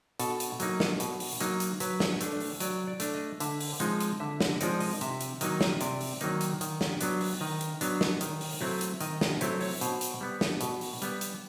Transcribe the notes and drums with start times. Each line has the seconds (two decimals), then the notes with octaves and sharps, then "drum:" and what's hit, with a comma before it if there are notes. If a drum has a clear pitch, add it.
0.20 B2 A4, drum: hi-hat
0.40 drum: hi-hat
0.60 F#3 A#3 D#4, drum: hi-hat
0.80 drum: snare
1.00 B2, drum: hi-hat
1.20 drum: open hi-hat
1.40 F#3 A#3 D#4, drum: hi-hat
1.60 drum: hi-hat
1.80 F#3 B4, drum: hi-hat
2.00 drum: snare
2.21 A3 D4, drum: hi-hat
2.40 drum: open hi-hat
2.60 F#3 D5, drum: hi-hat
2.87 D5
3.00 A3 D4, drum: hi-hat
3.14 D#5
3.40 D3 E5, drum: hi-hat
3.60 drum: open hi-hat
3.80 F3 G#3 C4 D#4, drum: hi-hat
4.00 drum: hi-hat
4.20 D3 E5
4.41 D#5, drum: snare
4.61 F3 G#3 C4 D#4 D5, drum: hi-hat
4.80 D#5, drum: open hi-hat
5.01 C3 E5, drum: hi-hat
5.21 drum: hi-hat
5.41 D#3 F#3 A#3 D#4 D#5, drum: hi-hat
5.61 drum: snare
5.81 C3 D5, drum: hi-hat
6.01 drum: open hi-hat
6.21 D#3 F#3 A#3 D#4, drum: hi-hat
6.41 drum: hi-hat
6.61 D#3, drum: hi-hat
6.81 drum: snare
7.01 F#3 B3 D4, drum: hi-hat
7.21 drum: open hi-hat
7.41 D#3 D#5
7.61 drum: hi-hat
7.81 F#3 B3 D4, drum: hi-hat
8.01 drum: snare
8.21 D#3, drum: hi-hat
8.41 drum: open hi-hat
8.61 F#3 A3 C4 E4
8.81 drum: hi-hat
9.01 D#3 D#5, drum: hi-hat
9.21 D#5, drum: snare
9.41 F#3 A3 C4 E4 C#5, drum: hi-hat
9.61 C#5, drum: open hi-hat
9.81 B2 C5, drum: hi-hat
10.01 drum: hi-hat
10.21 G3 B3
10.41 drum: snare
10.61 B2, drum: hi-hat
10.81 drum: open hi-hat
11.02 G3 B3, drum: hi-hat
11.21 drum: hi-hat